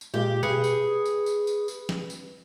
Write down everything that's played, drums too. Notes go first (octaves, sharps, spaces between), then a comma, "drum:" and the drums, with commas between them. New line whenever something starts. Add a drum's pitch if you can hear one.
drum: tambourine
A#2 G#3 A#3 G4
G#4 B4 C#7, drum: tom B2
drum: tambourine
drum: tambourine
drum: tambourine
drum: tambourine
drum: tambourine
drum: snare
drum: tambourine